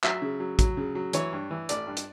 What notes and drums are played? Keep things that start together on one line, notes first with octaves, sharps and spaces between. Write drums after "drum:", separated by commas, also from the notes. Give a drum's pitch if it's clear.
F#3 E5, drum: clap
C#3
F#3
F#3, drum: kick, hi-hat
C#3
F#3
E3 C#5, drum: hi-hat
G2
E3
A1 D5, drum: hi-hat
G2
drum: hi-hat